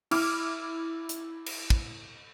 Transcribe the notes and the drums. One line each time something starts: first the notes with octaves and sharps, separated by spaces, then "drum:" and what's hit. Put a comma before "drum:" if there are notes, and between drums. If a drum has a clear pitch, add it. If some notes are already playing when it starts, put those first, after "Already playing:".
E4 D6 F6, drum: cymbal
drum: hi-hat
drum: cymbal
drum: kick